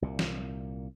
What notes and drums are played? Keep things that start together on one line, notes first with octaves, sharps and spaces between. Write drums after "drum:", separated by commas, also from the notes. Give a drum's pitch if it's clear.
C2 A#2
drum: snare